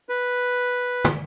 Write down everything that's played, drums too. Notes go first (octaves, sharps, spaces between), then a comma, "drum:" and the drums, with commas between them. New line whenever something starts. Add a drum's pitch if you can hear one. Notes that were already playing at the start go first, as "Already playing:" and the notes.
B4
drum: tom